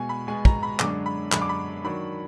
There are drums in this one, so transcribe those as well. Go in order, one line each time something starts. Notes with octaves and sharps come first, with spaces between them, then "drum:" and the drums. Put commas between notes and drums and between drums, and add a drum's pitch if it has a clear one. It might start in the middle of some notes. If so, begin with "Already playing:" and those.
Already playing: B2 G#3 B3 G#5
B5
B2 G#3 B3 G#5
A#5, drum: kick
B5
F#2 D3 G#3 D4 D6, drum: clap
B5
F#2 D3 G#3 D4 B5, drum: clap
D6
B5
D#3 F#3 D4 B5